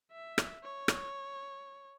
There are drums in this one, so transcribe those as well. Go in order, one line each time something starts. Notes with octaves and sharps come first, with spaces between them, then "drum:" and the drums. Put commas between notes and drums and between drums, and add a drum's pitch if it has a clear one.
E5
drum: rim click
C#5
drum: rim click